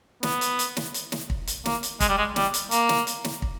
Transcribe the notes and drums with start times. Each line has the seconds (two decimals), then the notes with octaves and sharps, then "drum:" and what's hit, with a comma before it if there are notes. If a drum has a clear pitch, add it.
0.23 B3, drum: snare
0.41 drum: hi-hat
0.59 drum: hi-hat
0.77 drum: snare
0.94 drum: hi-hat
1.12 drum: snare
1.30 drum: kick
1.47 drum: hi-hat
1.65 A#3, drum: snare
1.83 drum: hi-hat
2.00 G#3, drum: kick, hi-hat
2.09 G3
2.18 G#3
2.36 G3, drum: snare
2.54 drum: hi-hat
2.71 A#3, drum: hi-hat
2.89 drum: snare
3.07 drum: hi-hat
3.24 drum: snare
3.42 drum: kick